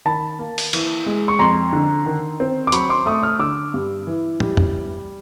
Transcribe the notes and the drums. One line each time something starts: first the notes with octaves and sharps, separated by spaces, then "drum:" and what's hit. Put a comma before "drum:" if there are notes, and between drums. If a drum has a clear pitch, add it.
D#3 A5 B5
A#3
drum: open hi-hat
E3, drum: cymbal
G#3
C#6
F2 A#5 C6
D3
D#3
C4
D6
F#3 B5 C#6, drum: hi-hat
C6 D6
A3 C#6 D#6
D#6 F6
D3 D6 E6
G2
E3
G3, drum: tom
drum: tom